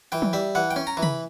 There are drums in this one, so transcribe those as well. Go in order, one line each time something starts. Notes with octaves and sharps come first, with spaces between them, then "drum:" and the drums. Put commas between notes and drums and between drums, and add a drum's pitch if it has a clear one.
E3 G5
drum: tom
G3 E5
E3 F#5
G5
C#4
A#5
E3
B5, drum: tom